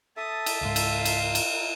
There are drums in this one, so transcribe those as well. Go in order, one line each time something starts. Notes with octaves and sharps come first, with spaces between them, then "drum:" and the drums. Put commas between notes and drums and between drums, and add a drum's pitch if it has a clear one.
A4 E5 A5 D#6
drum: cymbal
C#2 G#2 F5 C6
drum: cymbal
drum: cymbal
drum: cymbal